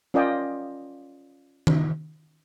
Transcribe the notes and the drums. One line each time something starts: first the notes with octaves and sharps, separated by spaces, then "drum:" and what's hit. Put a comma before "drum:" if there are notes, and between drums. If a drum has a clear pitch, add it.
C#4 F4 A#4 D5 D#5 G5
drum: tom D#3